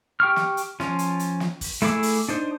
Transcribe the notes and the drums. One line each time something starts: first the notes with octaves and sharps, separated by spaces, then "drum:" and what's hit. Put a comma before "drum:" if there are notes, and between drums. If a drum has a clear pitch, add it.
G4 G5 C#6 F6
drum: snare
drum: hi-hat
F3 C#4, drum: snare
drum: hi-hat
drum: hi-hat
drum: snare
drum: kick, open hi-hat
A3 E4 G#4 D6 E6, drum: snare
drum: open hi-hat
D4 D#4 C5